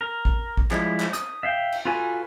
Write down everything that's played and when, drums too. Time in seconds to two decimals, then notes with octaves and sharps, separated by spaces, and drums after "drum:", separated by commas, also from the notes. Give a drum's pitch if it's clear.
0.01 A#4
0.25 drum: kick
0.57 drum: kick
0.71 F3 G3 G#3 E4, drum: clap
1.00 drum: clap
1.13 D#6, drum: hi-hat
1.43 E5 F5 G5
1.72 drum: cymbal
1.85 F4 F#4 A4 B4 G#5